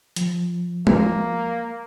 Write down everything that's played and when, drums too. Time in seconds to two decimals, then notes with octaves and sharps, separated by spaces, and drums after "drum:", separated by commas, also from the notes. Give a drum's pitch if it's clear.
0.16 F3, drum: hi-hat
0.87 A#3, drum: tom G#3